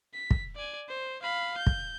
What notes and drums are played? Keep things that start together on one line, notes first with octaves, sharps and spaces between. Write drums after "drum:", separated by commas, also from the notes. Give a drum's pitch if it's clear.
B6
drum: kick
D5 G#5
C5
F5 B5
G6
drum: kick